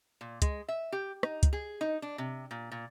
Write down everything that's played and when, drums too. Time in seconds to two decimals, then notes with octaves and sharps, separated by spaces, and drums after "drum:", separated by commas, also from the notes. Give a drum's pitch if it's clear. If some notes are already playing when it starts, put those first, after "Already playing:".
0.21 A#2
0.42 G#3, drum: kick, hi-hat
0.68 E5
0.92 G4
1.23 D#4, drum: rim click
1.43 drum: kick, hi-hat
1.53 G#4
1.81 D#4
2.02 D4
2.18 C3
2.51 A#2
2.72 A#2